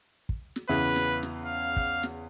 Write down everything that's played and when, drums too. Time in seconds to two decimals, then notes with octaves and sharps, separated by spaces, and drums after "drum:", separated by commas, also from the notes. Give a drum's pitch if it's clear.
0.29 drum: kick
0.56 drum: snare
0.69 E2 C#3 E3 B4
0.96 drum: snare
1.23 drum: snare
1.46 F5
1.76 drum: kick
2.03 drum: snare